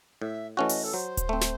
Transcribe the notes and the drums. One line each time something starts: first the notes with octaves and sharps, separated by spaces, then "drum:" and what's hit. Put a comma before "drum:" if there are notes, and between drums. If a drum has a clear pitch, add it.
A2 E5
E3 A3 C#4 F#4 D#5 E5
drum: open hi-hat
A4
F#3 C5
drum: kick D1, hi-hat
A3 C4
drum: snare